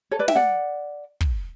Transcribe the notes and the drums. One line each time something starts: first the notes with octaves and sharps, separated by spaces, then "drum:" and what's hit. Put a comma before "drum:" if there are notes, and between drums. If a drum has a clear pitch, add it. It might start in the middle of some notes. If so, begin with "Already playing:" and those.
A4 C#5
B4 D5
E5 G5, drum: snare
D5 F#5
drum: kick